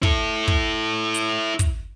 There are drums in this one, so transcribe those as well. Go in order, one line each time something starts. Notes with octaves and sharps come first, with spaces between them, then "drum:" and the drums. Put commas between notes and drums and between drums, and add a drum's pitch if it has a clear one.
E4 A4, drum: kick
drum: kick
drum: hi-hat
drum: kick, hi-hat